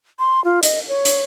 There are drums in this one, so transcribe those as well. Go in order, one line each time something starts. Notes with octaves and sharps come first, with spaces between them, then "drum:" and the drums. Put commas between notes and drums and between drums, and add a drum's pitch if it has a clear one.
C6
F4
D#5, drum: hi-hat
C#5
drum: hi-hat